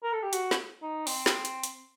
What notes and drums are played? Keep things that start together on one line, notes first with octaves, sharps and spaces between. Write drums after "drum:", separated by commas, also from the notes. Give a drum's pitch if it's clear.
A#4
A4
G4
F#4, drum: hi-hat
drum: snare
D#4
C4, drum: open hi-hat
drum: snare
drum: hi-hat
drum: hi-hat